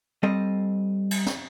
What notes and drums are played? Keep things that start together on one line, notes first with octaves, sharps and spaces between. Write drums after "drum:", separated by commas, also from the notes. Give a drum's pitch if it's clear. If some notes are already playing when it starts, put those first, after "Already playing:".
G3 C4 A4 D#5
drum: cymbal
drum: snare